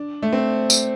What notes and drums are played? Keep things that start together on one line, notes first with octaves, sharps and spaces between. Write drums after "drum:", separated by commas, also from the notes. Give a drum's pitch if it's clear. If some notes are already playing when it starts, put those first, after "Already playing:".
Already playing: D4
A3
C4
drum: tambourine